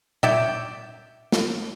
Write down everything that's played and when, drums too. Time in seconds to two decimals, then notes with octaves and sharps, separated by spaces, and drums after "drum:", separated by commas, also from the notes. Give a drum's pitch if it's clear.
0.23 C#5 D5 E5 G5, drum: tom A#2
1.32 drum: snare